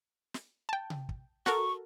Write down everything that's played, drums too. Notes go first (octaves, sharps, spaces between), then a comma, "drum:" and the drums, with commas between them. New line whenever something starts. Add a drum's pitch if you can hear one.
drum: snare
G5 A5
drum: tom C3
drum: kick
F#4 A4 A#4 C#6, drum: snare